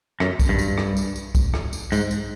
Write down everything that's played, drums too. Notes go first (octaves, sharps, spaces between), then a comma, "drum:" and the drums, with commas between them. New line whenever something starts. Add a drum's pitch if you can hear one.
F#2, drum: rim click
drum: kick B1, tambourine
G2
drum: tambourine
drum: rim click
drum: tambourine
drum: tambourine
drum: kick B1, tambourine
drum: rim click
drum: tambourine
G#2, drum: tambourine
drum: tambourine